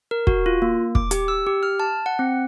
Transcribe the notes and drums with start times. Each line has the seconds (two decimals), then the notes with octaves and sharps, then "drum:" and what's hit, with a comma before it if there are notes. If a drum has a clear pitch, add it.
0.11 A#4
0.27 F#4, drum: kick
0.46 F4
0.62 A#3
0.95 D6, drum: kick
1.11 G4, drum: hi-hat
1.28 E6
1.47 G4
1.63 F6
1.80 A5
2.06 F#5
2.19 C4